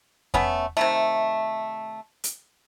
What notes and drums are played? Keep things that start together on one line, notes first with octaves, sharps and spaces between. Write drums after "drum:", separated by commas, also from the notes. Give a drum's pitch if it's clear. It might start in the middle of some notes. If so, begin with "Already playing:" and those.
A3 B3 C#4, drum: kick E2
C3 D#3 A3
drum: hi-hat